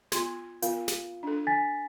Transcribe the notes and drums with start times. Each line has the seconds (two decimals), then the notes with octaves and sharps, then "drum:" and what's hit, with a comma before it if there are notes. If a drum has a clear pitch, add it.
0.12 B3 F4 C6 G#6, drum: snare
0.62 B3 F4 A#4 F5, drum: hi-hat
0.88 drum: snare
1.23 D4 A4
1.47 G#5 A6 B6